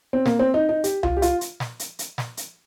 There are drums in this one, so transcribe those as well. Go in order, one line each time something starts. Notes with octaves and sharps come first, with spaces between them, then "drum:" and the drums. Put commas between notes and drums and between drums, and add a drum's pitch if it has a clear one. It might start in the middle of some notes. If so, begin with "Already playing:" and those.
C4
A#3, drum: snare
C4
D#4
D#4
G4, drum: hi-hat
F4, drum: tom C2
G4
F4, drum: hi-hat
drum: hi-hat
drum: snare
drum: hi-hat
drum: hi-hat
drum: snare
drum: hi-hat